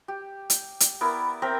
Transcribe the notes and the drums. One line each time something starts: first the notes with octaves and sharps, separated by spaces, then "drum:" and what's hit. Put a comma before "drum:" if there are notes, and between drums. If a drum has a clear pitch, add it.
G4
drum: hi-hat
drum: hi-hat
B3 E4 A#4 D5
C4 A#4 E5 G5